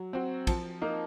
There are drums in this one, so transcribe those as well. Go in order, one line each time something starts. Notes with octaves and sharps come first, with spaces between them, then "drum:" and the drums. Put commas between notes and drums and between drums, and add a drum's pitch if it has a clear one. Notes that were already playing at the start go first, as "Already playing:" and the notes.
Already playing: F#3
C4 F#4
F3, drum: kick, cymbal
A#3 D#4